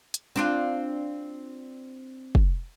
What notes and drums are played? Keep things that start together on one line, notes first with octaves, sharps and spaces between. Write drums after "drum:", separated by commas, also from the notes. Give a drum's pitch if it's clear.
drum: hi-hat
C4 D4 F4
drum: kick